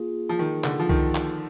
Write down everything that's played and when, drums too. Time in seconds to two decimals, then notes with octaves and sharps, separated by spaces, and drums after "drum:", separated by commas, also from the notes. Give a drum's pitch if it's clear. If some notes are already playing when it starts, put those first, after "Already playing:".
Already playing: A#3 F4 G#4
0.29 F3
0.39 D#3
0.64 D3, drum: clap
0.79 F3
0.89 D#3, drum: kick C2
1.15 drum: clap